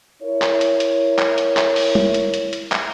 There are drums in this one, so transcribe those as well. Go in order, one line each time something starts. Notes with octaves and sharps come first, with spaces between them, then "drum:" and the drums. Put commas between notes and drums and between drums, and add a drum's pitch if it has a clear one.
E4 A#4 C#5
drum: clap
drum: hi-hat
drum: hi-hat
drum: clap
drum: hi-hat
drum: clap
drum: open hi-hat
drum: tom
drum: hi-hat
drum: hi-hat
drum: hi-hat
drum: clap